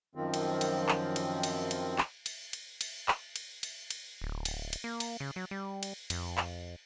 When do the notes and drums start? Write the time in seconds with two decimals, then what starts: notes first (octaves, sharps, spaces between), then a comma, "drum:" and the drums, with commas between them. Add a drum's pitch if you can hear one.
0.15 F#2 D#3 F3 C4
0.34 drum: cymbal
0.61 drum: cymbal
0.89 drum: clap
1.16 drum: cymbal
1.43 drum: cymbal
1.71 drum: cymbal
1.98 drum: clap
2.26 drum: cymbal
2.53 drum: cymbal
2.81 drum: cymbal
3.08 drum: clap
3.36 drum: cymbal
3.63 drum: cymbal
3.90 drum: cymbal
4.22 D1
4.45 drum: cymbal
4.73 drum: cymbal
4.84 A#3
5.00 drum: cymbal
5.20 C#3
5.36 F#3
5.51 G3
5.83 drum: cymbal
6.10 F2, drum: cymbal
6.38 drum: clap